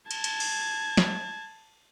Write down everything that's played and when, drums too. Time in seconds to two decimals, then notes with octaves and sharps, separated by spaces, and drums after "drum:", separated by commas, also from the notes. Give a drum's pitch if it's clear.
0.11 A5 G#6, drum: cymbal
0.24 drum: cymbal
0.40 drum: cymbal
0.97 drum: snare